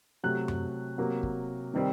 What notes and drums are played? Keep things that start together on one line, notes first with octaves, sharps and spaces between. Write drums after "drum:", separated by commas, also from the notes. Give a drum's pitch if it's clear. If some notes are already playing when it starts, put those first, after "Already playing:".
C3 F#3 A3 F#6
drum: tom F#2
C3 F#3 A#3
drum: kick
C3 D#3 G3 C4